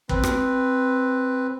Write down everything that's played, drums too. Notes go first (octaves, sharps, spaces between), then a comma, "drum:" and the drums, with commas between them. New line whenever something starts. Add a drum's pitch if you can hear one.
C4 B4, drum: kick
drum: rim click